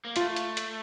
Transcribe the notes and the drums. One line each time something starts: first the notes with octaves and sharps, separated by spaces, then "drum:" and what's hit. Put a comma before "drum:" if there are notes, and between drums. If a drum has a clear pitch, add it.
A#3
A3 F4, drum: hi-hat
drum: hi-hat
drum: hi-hat